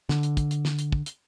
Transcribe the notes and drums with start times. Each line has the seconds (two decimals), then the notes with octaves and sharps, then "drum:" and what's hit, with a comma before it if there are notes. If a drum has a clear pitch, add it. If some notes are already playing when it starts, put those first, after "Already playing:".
0.09 D3, drum: snare
0.23 drum: hi-hat
0.37 drum: kick, hi-hat
0.51 drum: hi-hat
0.65 drum: snare
0.79 drum: hi-hat
0.92 drum: kick
1.06 drum: hi-hat